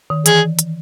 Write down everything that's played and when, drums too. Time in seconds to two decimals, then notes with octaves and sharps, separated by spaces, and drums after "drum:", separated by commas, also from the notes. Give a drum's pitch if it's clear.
0.10 D#3
0.26 E3 G#4, drum: hi-hat
0.59 drum: hi-hat